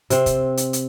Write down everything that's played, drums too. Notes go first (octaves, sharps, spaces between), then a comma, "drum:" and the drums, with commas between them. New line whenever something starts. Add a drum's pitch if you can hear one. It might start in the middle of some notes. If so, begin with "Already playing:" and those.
C3 C4, drum: hi-hat
drum: kick, hi-hat
drum: hi-hat
drum: hi-hat